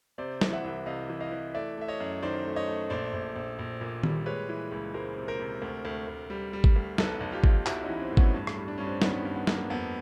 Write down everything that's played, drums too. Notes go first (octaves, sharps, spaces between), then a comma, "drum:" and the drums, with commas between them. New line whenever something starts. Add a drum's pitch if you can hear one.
C3 C5 D5
E3, drum: snare
E5 F#5
C2
C3 D#5 F5
E3
D#5 F5
E3
A3 D5 E5
A3 E5
C#5 D#5
F#2
D#3 C5 D5
A3
C#5 D#5
A3
A#1 C5 D5
A#1
A#1
A#1
A#2
G3, drum: tom D#3
G#3 B4 C#5
E3
C#2
G#3 A#4 C5
C3
A#4 C5
C3
D2
D2
D2
G3
G3
drum: kick G#1
D2
B1 A4 B4, drum: snare
B1
F4 G4
B1, drum: kick G#1
B1 E4 F#4, drum: clap
C#4 D#4
E3
C4
A2
B3 C#4, drum: kick G#1
G2
drum: rim click
G3
D4
G2 C#4
C4 D4
D#3 B3 C#4, drum: snare
G2
B3
A#3, drum: snare
F2 B3